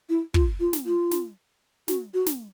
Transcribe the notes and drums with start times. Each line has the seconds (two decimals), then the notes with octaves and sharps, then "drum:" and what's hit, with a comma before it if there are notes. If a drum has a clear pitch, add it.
0.09 E4
0.34 F4, drum: kick
0.60 F4
0.73 drum: snare
0.86 F4
1.11 drum: snare
1.88 F#4, drum: snare
2.14 F#4
2.26 drum: snare